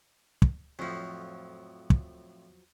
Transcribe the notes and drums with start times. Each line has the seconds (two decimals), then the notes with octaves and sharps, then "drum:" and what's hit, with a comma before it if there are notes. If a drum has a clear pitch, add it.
0.42 drum: kick
0.79 F2 A2 F3 F#3
1.90 drum: kick